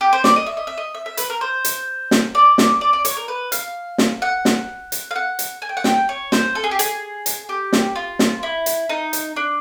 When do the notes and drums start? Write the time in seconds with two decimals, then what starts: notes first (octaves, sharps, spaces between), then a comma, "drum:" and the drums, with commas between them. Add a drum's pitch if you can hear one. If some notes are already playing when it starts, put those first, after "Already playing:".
0.01 G4
0.13 C5
0.24 D5, drum: snare
0.36 D#5
0.46 E5
0.57 D#5
0.67 E5
0.78 D#5
0.95 E5
1.06 E5
1.17 B4, drum: hi-hat
1.30 A#4
1.41 C5
1.65 drum: hi-hat
2.11 drum: snare
2.35 D5
2.58 drum: snare
2.81 D5
2.93 D5
3.05 C#5, drum: hi-hat
3.17 A#4
3.28 B4
3.52 F5, drum: hi-hat
3.98 drum: snare
4.22 F#5
4.45 drum: snare
4.92 drum: hi-hat
5.11 F5
5.16 F#5
5.39 drum: hi-hat
5.62 G#5
5.69 G5
5.77 F#5
5.84 G5, drum: snare
6.09 C#5
6.32 C5, drum: snare
6.55 A4
6.64 G#4
6.71 G4
6.79 G#4, drum: hi-hat
7.26 drum: hi-hat
7.49 G4
7.73 drum: snare
7.96 F4
8.19 drum: snare
8.43 E4
8.66 drum: hi-hat
8.89 D#4
9.13 drum: hi-hat
9.36 D4